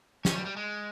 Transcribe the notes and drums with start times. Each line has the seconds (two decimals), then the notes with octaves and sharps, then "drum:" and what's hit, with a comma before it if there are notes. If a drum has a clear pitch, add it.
0.25 C#4, drum: snare
0.35 G3
0.46 G3
0.56 G#3